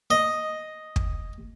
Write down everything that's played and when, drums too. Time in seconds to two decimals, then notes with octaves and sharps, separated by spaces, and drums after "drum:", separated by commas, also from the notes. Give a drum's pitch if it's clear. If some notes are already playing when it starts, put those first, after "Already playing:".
0.11 D#5
0.96 drum: kick